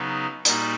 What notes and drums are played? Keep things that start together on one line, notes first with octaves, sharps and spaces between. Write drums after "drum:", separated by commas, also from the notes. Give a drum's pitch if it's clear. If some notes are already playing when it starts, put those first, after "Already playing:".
Already playing: C#3 F#3 B3 D#4
A#2 G3 A#3 D#4 F#4, drum: hi-hat